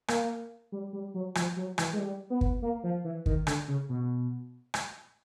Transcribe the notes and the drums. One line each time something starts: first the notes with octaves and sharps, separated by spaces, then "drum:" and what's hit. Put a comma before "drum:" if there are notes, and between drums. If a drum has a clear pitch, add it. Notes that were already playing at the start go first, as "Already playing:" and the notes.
A#3, drum: rim click
G3
G3
F#3
F3, drum: rim click
F#3
E3, drum: rim click
G#3
G3
B3
drum: kick
A#3
F3
E3
D#3, drum: kick
D3, drum: rim click
C#3
B2
drum: rim click